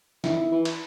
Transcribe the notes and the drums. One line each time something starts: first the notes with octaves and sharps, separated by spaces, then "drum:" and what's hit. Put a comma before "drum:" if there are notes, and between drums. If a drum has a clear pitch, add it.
D#3 E4, drum: snare
D#3
E3
drum: cymbal